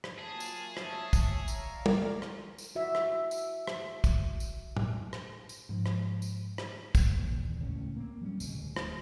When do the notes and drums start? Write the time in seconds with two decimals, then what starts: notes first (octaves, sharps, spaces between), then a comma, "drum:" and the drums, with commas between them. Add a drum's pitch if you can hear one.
0.04 drum: rim click
0.19 F#3 A#3 F4 G#4 A5
0.40 drum: tambourine
0.59 C#5 E5
0.77 drum: rim click
1.13 drum: kick, tambourine
1.48 D5 F5 A#5 F6, drum: tambourine
1.86 drum: tom
2.22 drum: rim click
2.58 drum: tambourine
2.76 F#4 E5
2.95 drum: rim click
3.31 drum: tambourine
3.67 drum: rim click
4.04 drum: kick, tambourine
4.40 drum: tambourine
4.77 drum: tom
5.13 drum: rim click
5.49 drum: tambourine
5.69 G#2 F3
5.86 drum: rim click
6.22 drum: tambourine
6.58 drum: rim click
6.95 drum: kick, tambourine
7.18 D#2 A#2 E3
7.60 C#2 A2 C#4
7.97 A#3 C4
8.21 F#3 G3 C#4
8.40 D1 C#2 B2, drum: tambourine
8.59 D1
8.76 drum: rim click